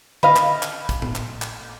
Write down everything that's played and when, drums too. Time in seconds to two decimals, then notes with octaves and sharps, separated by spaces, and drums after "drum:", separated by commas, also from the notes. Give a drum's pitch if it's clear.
0.23 B4 D#5 F5, drum: tom D3
0.36 drum: clap
0.63 drum: clap
0.89 drum: kick, hi-hat
1.02 drum: tom A2
1.15 drum: clap
1.42 drum: clap